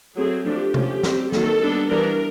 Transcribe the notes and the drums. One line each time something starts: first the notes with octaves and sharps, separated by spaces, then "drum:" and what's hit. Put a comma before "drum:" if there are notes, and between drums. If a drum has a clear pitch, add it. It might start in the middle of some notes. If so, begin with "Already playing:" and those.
F#3 A3 C4 G#4
F3 A3 D4 G4
F3 A3 C#4, drum: tom C3
G3 C4, drum: snare
D#3 F#3 A#3 A4, drum: snare
G3 B3 D4
E3 G3 B3 D4 A#4